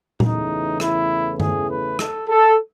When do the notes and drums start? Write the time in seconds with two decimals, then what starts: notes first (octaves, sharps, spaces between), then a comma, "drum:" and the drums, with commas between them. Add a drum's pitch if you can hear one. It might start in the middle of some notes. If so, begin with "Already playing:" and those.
0.20 E2 C#3 E3 A3 D#4, drum: tom A#2
0.80 E4, drum: rim click
1.40 G#4, drum: tom
1.69 B4
1.99 A4, drum: rim click
2.28 A4